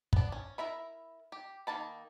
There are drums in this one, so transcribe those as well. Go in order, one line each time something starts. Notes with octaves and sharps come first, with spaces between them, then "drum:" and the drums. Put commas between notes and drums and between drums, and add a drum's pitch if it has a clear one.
B3 D4, drum: kick
C#4
E4 A#4 E5 B5
G4
D#3 A#3 A5 B5